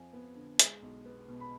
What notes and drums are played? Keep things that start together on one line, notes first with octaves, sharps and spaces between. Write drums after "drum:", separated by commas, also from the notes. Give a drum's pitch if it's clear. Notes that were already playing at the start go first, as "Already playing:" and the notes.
Already playing: F2 F3 G#5
B3
D3
G#3, drum: hi-hat
B1
B3
B2
B5